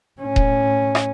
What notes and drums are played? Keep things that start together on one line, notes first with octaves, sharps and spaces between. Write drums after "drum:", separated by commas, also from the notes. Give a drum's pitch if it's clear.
A2 C#4
drum: kick D#1
drum: rim click